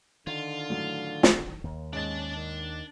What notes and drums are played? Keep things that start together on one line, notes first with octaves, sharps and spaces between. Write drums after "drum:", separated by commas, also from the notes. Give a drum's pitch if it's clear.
D3 D#3 F4
A2 F#3
drum: snare
D#2
G#2 C#4 D4 D#5 A5
D#3